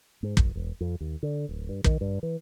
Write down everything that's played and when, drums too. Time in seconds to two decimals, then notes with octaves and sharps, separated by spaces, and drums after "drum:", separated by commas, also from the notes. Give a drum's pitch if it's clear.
0.23 G#2
0.37 F#1, drum: kick
0.55 E1
0.81 F2
1.00 D#2
1.23 D3
1.49 D1
1.69 G2
1.84 D#3, drum: kick
2.01 G2
2.23 E3